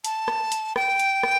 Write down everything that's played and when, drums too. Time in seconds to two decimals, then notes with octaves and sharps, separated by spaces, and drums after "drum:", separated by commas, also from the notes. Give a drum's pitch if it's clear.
0.04 A5, drum: hi-hat
0.28 drum: rim click
0.52 drum: hi-hat
0.76 G5, drum: rim click
1.00 drum: hi-hat
1.23 drum: rim click